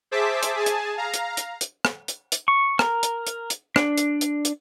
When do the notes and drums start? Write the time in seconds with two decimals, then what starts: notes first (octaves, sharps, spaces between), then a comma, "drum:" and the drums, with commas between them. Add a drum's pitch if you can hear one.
0.11 G#4 C5 E5 A5 D6 B6
0.43 drum: hi-hat
0.56 G#4 G#5 A5
0.66 drum: hi-hat
0.98 F5 A#5
1.14 drum: hi-hat
1.37 drum: hi-hat
1.61 drum: hi-hat
1.85 drum: rim click
2.08 drum: hi-hat
2.32 drum: hi-hat
2.48 C#6
2.79 A#4, drum: rim click
3.03 drum: hi-hat
3.27 drum: hi-hat
3.50 drum: hi-hat
3.76 D4, drum: rim click
3.98 drum: hi-hat
4.21 drum: hi-hat
4.45 drum: hi-hat